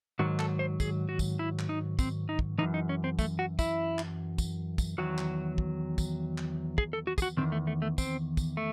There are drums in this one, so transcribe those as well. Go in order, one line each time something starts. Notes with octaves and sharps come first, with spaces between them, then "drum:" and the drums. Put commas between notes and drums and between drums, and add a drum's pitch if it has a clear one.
G#2 D#3 F#3 F#4
A4, drum: clap
C5
G#4, drum: kick, tambourine
F#4
drum: kick, tambourine
E4
drum: clap
D#4
C4, drum: kick, tambourine
D#4
drum: kick
F#2 C#3 E3 D#4
D#4
C#4
C4
A3, drum: kick, tambourine
F#4
E4, drum: kick, tambourine
drum: clap
drum: kick, tambourine
drum: kick, tambourine
E2 D#3 F#3 F#4
drum: clap
drum: kick
drum: kick, tambourine
drum: clap
G#4, drum: kick
A4
F#4
G#4, drum: kick, tambourine
F#4
E2 C3 D#3 C4
A3
A3
A3
C4, drum: kick, tambourine
drum: kick, tambourine
A3